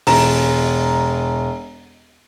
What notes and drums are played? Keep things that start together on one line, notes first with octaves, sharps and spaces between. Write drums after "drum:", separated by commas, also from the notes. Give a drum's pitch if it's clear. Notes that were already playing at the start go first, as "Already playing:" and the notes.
E1 A#5 E7, drum: open hi-hat